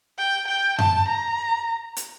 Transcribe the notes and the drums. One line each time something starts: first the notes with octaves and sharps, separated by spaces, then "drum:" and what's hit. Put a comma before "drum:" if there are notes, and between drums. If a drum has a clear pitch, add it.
G5
G5
A5, drum: tom F#2
A#5
drum: hi-hat